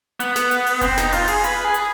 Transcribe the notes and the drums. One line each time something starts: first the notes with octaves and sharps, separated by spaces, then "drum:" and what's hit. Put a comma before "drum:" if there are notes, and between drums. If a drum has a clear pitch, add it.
B3, drum: hi-hat
drum: snare
drum: hi-hat
drum: open hi-hat
C4, drum: kick F1, hi-hat
D#4, drum: snare
F4, drum: open hi-hat
G#4, drum: open hi-hat
B4, drum: hi-hat
G#4
drum: hi-hat